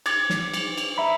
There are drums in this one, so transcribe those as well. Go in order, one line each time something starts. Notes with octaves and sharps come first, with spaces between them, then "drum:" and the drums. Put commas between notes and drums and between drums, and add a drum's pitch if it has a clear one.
D6 G#6 A6, drum: cymbal
drum: snare
drum: cymbal
drum: cymbal
E5 A#5 B5